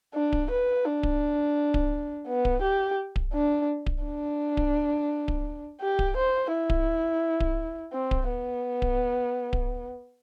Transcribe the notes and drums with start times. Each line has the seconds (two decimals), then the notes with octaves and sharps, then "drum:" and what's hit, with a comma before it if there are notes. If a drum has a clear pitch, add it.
0.15 D4
0.33 drum: kick D1
0.50 B4
0.85 D4
1.03 drum: kick D1
1.74 drum: kick D1
2.28 B3
2.45 drum: kick D1
2.62 G4
3.16 drum: kick D1
3.33 D4
3.86 drum: kick D1
4.04 D4
4.57 drum: kick D1
5.28 drum: kick D1
5.81 G4
5.99 drum: kick D1
6.17 C5
6.52 E4
6.70 drum: kick D1
7.40 drum: kick D1
7.93 C4
8.11 drum: kick D1
8.29 B3
8.82 drum: kick D1
9.53 drum: kick D1